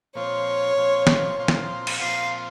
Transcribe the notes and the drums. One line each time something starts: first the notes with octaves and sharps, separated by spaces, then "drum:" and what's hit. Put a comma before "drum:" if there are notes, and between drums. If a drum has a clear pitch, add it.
A#2 F3 C4 F4 C5 C#5
A#2 F3 C4 F4 C5
drum: snare
A#2 F3 C4 F4 C5
drum: snare
drum: cymbal
A#2 F3 C4 F4 C5 F5